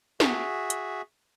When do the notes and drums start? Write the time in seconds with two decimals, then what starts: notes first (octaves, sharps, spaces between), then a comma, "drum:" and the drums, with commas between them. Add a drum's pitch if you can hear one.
0.20 F#4 G#4 E5, drum: snare
0.70 drum: hi-hat